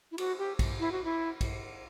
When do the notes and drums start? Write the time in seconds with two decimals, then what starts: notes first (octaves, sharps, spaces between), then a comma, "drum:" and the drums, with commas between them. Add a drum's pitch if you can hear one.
0.11 E4
0.18 F#4, drum: cymbal
0.38 G4
0.59 drum: kick, cymbal
0.80 E4
0.92 F#4
1.04 E4
1.41 drum: kick, cymbal